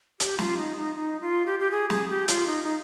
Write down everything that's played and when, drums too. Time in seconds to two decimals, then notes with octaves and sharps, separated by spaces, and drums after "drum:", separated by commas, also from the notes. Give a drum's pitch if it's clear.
0.20 G4, drum: hi-hat
0.39 F4, drum: snare
0.57 D#4
0.77 D#4
0.95 D#4
1.21 F4
1.46 G4
1.60 G4
1.71 G#4
1.90 G#4, drum: snare
2.09 G4
2.28 F4, drum: hi-hat
2.47 D#4
2.64 D#4